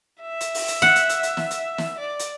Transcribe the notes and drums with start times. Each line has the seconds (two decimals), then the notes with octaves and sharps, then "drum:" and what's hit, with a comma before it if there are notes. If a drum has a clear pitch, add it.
0.21 E5
0.41 drum: hi-hat
0.54 drum: open hi-hat
0.68 drum: hi-hat
0.82 F#5, drum: snare
0.96 drum: hi-hat
1.09 drum: hi-hat
1.23 drum: hi-hat
1.37 drum: snare
1.51 drum: hi-hat
1.78 drum: snare
1.99 D5
2.20 drum: hi-hat